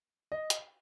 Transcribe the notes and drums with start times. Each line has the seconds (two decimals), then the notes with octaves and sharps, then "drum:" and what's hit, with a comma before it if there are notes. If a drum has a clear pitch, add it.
0.32 D#5
0.50 drum: hi-hat